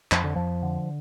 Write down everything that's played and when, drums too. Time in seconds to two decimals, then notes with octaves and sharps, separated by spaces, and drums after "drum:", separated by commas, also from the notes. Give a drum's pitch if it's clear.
0.12 F2 F3, drum: clap
0.24 D3
0.36 F2 F3
0.63 D3